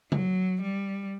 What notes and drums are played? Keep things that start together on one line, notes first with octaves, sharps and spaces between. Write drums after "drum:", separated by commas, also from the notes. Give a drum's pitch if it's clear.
F#3, drum: tom C#3
G3